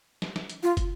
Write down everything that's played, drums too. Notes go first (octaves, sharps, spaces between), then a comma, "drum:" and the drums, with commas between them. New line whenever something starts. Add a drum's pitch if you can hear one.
drum: snare
drum: snare
drum: hi-hat
F4
drum: kick, hi-hat